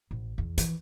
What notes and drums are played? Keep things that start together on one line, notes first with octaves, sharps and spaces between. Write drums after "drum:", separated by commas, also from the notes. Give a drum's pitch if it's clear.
A1
E2
E3, drum: hi-hat